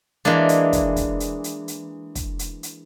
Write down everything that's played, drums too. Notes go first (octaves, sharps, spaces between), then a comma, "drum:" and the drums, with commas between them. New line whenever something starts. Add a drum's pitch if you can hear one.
E3 G#3 A#3 D4, drum: snare
drum: hi-hat
drum: kick, hi-hat
drum: kick, hi-hat
drum: hi-hat
drum: hi-hat
drum: hi-hat
drum: kick, hi-hat
drum: hi-hat
drum: hi-hat